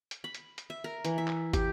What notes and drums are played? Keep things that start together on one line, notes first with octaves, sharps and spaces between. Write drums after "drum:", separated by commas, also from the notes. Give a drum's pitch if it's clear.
drum: hi-hat
B5
drum: hi-hat
drum: hi-hat
E5
A#4
E3, drum: hi-hat
E5
drum: clap
G4, drum: kick, hi-hat